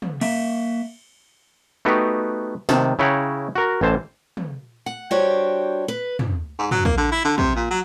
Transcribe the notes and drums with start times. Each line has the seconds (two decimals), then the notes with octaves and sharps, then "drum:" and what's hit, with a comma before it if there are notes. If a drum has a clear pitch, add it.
0.02 drum: tom
0.21 A#3 E5, drum: cymbal
1.85 A3 B3 D#4 F#4 G4
2.69 C3 D#3 A5, drum: snare
2.99 C#3 E4 C#5 F#5 G5 A#5
3.55 F#4 A#4
3.81 A1 E3 C5 A5
4.37 drum: tom
4.86 F#5
5.11 G3 D4 F#4 G4 C5 C#5
5.88 B4
6.19 drum: tom
6.59 G#2
6.71 F#3, drum: tom
6.85 A#3, drum: kick
6.97 D3
7.11 E4
7.25 D3
7.38 C3, drum: kick
7.55 A#2
7.71 F#3